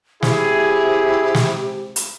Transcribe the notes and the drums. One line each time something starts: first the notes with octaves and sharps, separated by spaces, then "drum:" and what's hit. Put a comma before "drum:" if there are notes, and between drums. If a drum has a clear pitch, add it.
C3 E4 G4 G#4, drum: snare
drum: snare
drum: hi-hat